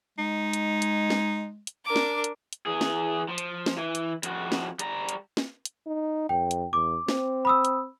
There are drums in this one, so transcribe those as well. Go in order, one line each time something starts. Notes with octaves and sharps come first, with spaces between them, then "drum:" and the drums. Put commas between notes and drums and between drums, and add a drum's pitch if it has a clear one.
G#3 D#4
drum: hi-hat
drum: hi-hat
drum: snare
drum: hi-hat
D4 A#4 D6
drum: snare
drum: hi-hat
drum: hi-hat
E3 G#4
drum: snare
F3
drum: hi-hat
drum: snare
E3
drum: hi-hat
F2 F#4, drum: hi-hat
drum: snare
G3 A#5, drum: hi-hat
drum: hi-hat
drum: snare
drum: hi-hat
D#4
F2 G5
drum: hi-hat
E2 D6
C4, drum: snare
B5 D#6 E6
drum: hi-hat